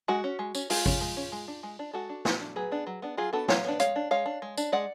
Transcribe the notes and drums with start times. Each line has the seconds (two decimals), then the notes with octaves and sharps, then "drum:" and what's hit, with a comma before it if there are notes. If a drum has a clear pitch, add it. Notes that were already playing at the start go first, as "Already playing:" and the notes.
0.08 G#3 F#4
0.24 C#4
0.39 G#3
0.55 C#4, drum: tambourine
0.70 G#3 F4 G#4, drum: open hi-hat
0.86 C#4, drum: kick G#1
1.01 G#3
1.17 C#4
1.32 G#3
1.48 D4
1.63 G#3
1.79 D4
1.93 G#3 F#4 A4
2.09 D4
2.25 G#3, drum: snare
2.41 D4
2.56 F#3 G#4 B4
2.71 B3 D4
2.87 F#3
3.02 B3 D4
3.17 F#3 F4 G#4
3.33 B3 D4 F#4 A4
3.48 F#3 C#5 F5, drum: snare
3.64 B3 D4
3.80 G#3 C#5 F5, drum: hi-hat
3.96 D4
4.11 G#3 C#5 F5
4.26 D4
4.42 G#3
4.57 D4, drum: tambourine
4.72 G#3 D5 F#5